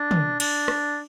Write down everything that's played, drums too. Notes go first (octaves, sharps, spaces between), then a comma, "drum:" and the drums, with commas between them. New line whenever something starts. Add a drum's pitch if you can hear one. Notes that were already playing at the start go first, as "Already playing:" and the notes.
Already playing: D4
drum: tom
D4, drum: cymbal
drum: rim click